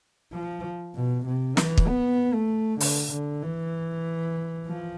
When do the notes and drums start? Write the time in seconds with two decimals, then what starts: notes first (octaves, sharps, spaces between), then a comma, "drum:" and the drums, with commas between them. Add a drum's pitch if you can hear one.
0.33 F3
0.95 B2
1.26 C3
1.57 E3, drum: snare
1.78 drum: kick
1.88 B3
2.34 A3
2.80 D3, drum: open hi-hat
3.12 D3
3.43 E3
4.67 F3